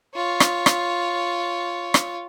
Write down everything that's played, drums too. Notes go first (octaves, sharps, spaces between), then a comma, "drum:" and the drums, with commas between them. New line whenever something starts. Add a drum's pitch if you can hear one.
F4 C#5
drum: rim click
drum: rim click
drum: rim click